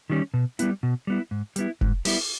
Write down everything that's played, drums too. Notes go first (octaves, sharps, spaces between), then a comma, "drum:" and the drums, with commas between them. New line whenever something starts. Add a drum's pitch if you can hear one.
D#3 G3 C#4
B2
G3 B3 E4, drum: hi-hat
B2
G3 B3 E4
G#2
G3 B3 E4, drum: hi-hat
G#2, drum: kick F1
G3 B3 E4, drum: open hi-hat